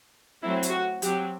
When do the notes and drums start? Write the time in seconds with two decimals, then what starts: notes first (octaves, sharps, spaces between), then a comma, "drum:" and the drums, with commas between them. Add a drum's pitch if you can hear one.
0.43 F#3 A3 C4 E4
0.63 drum: hi-hat
0.73 F#4
1.02 F#3 C4 G4, drum: hi-hat